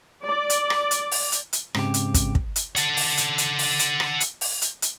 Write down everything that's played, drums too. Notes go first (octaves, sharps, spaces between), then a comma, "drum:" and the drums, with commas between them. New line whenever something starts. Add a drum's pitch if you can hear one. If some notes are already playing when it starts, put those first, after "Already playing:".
D5
drum: hi-hat
drum: rim click
drum: hi-hat
drum: open hi-hat
drum: hi-hat
drum: hi-hat
G#2 C#3 C4 G4, drum: rim click
drum: hi-hat
drum: kick, hi-hat
drum: kick
drum: hi-hat
A4 F#5, drum: hi-hat
drum: open hi-hat
drum: hi-hat
drum: hi-hat
drum: open hi-hat
drum: hi-hat
drum: rim click
drum: hi-hat
drum: open hi-hat
drum: hi-hat
drum: hi-hat